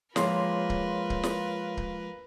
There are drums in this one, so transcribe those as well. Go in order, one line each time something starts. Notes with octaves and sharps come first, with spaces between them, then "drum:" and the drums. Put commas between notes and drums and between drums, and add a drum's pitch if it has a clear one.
F3 G#3 A#3 F4 A#4 B4 C#5 C6, drum: snare
drum: kick C#1
drum: kick C#1
drum: snare
drum: kick C#1